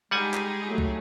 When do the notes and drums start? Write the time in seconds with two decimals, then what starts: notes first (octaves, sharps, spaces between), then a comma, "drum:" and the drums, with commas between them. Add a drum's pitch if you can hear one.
0.11 G3 G#3 D#4 G4 G#4 F#5 G#5
0.34 drum: clap
0.67 F#3 A3
0.78 drum: kick